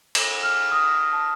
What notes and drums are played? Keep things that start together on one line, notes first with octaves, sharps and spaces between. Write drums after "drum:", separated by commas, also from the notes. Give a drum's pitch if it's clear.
E7, drum: cymbal
F6
D#6
A5